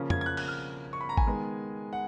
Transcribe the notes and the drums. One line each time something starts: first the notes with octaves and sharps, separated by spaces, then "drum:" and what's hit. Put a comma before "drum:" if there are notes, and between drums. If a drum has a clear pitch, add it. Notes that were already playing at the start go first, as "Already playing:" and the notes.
Already playing: C#3 F3 A#3 C#4
G#6, drum: tom F2
G#6
F#6
F#6, drum: cymbal
F6
C#6
B5
A#5
G#5, drum: kick G#1
D#3 G#3 B3
F#5